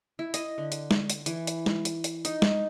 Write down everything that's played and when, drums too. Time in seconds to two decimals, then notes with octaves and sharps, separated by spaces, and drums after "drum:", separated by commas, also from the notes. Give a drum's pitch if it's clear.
0.19 E4
0.34 D#5, drum: hi-hat
0.58 D3
0.72 drum: hi-hat
0.91 drum: snare
1.10 drum: hi-hat
1.26 E3, drum: hi-hat
1.47 drum: hi-hat
1.66 drum: snare
1.85 drum: hi-hat
2.04 drum: hi-hat
2.25 D#4, drum: hi-hat
2.42 drum: snare